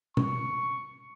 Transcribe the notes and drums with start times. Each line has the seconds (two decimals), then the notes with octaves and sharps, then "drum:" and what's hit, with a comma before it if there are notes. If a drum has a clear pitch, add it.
0.17 C#6, drum: tom